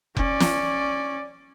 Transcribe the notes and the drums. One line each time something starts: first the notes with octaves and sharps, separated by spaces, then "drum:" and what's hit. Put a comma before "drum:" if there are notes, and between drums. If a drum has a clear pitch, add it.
C#4 D5, drum: kick F1
drum: snare